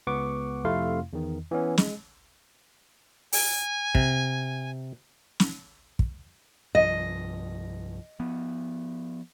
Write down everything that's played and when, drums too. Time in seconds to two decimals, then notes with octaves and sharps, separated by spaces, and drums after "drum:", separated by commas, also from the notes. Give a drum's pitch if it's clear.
0.07 C#2 B3 F#5 C#6 D6
0.64 F2 C3 A3 E4 F5 C6
1.13 E2 D#3
1.51 E3 B3 C#4
1.78 G#3, drum: snare
3.32 G#5, drum: open hi-hat
3.95 C3, drum: kick
5.40 drum: snare
5.99 drum: kick
6.75 C2 G2 F3 D#5
8.20 F3 B3